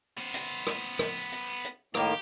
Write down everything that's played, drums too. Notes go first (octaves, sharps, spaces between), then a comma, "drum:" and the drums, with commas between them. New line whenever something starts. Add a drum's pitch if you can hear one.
B3 C5
drum: hi-hat
drum: rim click
drum: rim click
drum: hi-hat
drum: hi-hat
A2 D#3 A#3 G4, drum: rim click